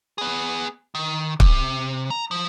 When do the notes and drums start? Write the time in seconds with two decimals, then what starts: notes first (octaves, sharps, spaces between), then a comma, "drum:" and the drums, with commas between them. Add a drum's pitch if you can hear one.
0.18 B3 G#4
0.95 D#3
1.40 C3, drum: kick
2.10 A#5
2.31 F3